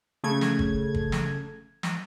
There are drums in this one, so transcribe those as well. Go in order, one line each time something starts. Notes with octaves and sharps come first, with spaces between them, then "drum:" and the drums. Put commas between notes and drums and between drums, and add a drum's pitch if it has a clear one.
C#3 A3 G#6
drum: snare
drum: kick
drum: kick
drum: snare
drum: snare